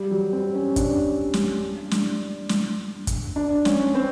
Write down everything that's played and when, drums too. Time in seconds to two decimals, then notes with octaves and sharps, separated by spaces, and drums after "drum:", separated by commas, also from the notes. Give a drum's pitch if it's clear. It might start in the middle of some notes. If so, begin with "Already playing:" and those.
Already playing: G3
0.11 F#3
0.33 C4
0.54 C#4
0.76 D4, drum: kick, hi-hat
1.34 drum: snare
1.91 drum: snare
2.49 drum: snare
3.07 drum: kick, hi-hat
3.36 D4
3.65 C#4, drum: snare
3.95 C4